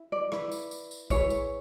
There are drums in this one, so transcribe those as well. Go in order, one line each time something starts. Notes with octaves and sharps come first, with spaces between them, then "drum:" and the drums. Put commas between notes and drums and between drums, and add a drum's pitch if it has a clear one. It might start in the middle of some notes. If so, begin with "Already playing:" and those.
Already playing: E4
D5
E4 B4, drum: rim click
drum: tambourine
drum: tambourine
drum: tambourine
E4 G#4 B4 C#5, drum: kick, tambourine
drum: tambourine